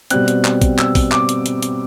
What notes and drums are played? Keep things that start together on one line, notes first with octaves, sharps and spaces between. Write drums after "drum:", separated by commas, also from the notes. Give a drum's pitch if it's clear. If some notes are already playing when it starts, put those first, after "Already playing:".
B2 G3 C4 F#6, drum: hi-hat
drum: hi-hat
drum: clap
drum: kick, hi-hat
E6, drum: clap
drum: kick, open hi-hat
D6, drum: clap
drum: hi-hat
drum: hi-hat
drum: hi-hat